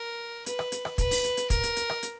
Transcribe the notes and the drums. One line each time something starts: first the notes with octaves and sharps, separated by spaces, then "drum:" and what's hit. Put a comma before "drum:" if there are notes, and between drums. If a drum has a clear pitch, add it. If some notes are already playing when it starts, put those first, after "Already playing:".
Already playing: A#4
B4, drum: hi-hat
drum: rim click
drum: hi-hat
drum: rim click
B4, drum: kick, hi-hat
drum: open hi-hat
drum: hi-hat
drum: hi-hat
A#4, drum: kick, hi-hat
drum: hi-hat
drum: hi-hat
drum: rim click
drum: hi-hat